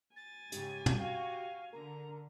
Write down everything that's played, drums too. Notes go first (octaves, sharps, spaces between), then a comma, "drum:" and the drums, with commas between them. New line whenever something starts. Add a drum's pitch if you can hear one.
G#5 A6
G#2 C#3 G4, drum: hi-hat
drum: tom
F#4 F5
D3 A#4 A#5